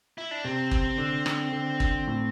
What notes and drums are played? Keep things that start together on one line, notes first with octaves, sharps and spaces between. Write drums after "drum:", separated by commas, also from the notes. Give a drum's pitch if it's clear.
E4
D4
C3 C4
drum: kick
D3
drum: rim click
D3
drum: kick
A2